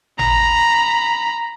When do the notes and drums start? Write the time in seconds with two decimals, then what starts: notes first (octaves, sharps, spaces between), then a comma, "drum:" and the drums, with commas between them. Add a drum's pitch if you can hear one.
0.19 A#5 B5, drum: tom G#1